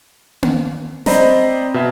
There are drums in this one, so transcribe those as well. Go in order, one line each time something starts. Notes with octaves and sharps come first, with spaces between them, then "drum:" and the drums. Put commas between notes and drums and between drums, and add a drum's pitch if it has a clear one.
drum: tom A#3
C4 C5 D5 D#5 A#5 B5, drum: snare
B2 E5